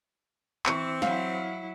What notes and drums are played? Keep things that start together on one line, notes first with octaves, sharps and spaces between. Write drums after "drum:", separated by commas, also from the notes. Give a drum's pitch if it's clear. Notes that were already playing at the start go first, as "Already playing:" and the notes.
E3 C4 C#6 C#7, drum: clap
F#3 E4 F5, drum: snare